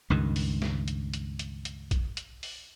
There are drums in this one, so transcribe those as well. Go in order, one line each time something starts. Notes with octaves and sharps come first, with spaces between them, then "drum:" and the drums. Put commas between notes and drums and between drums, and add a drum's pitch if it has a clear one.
C#2 G2 D#3
drum: open hi-hat
drum: snare
drum: hi-hat
drum: hi-hat
drum: hi-hat
drum: hi-hat
drum: kick A#1, hi-hat
drum: hi-hat
drum: open hi-hat